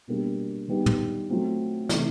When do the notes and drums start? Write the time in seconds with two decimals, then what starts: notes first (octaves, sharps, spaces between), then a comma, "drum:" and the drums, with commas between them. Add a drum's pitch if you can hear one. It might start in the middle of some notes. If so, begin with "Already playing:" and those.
0.07 B2 G3 A#3 D4 G4
0.68 D#3 G3 B3 D#4 G4
0.86 drum: tom
1.29 F#3 A3 C4 F4
1.89 C3 E3 A3, drum: snare